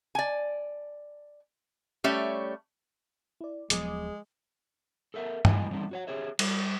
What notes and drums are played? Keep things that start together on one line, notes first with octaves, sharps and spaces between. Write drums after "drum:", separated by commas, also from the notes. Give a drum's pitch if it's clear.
D5 G#5
G3 A3 C#4 C#5 D5 E5
E4 D5
D#1 F3 F#3 G#3 B3 G#4 D6, drum: hi-hat
A4 A#4 E5 F#5
G#2 E3 G3 D#5 G#5, drum: tom
E3 G3 A3 C4 D#4
F#4 C#5 F#5
G4 G#4 C#5 E5
G3, drum: cymbal